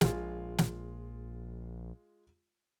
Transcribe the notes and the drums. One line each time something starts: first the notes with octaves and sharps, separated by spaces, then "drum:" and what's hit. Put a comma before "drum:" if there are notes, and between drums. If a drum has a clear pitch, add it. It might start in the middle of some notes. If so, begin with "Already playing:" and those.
A#1 G#3 F4, drum: snare
drum: snare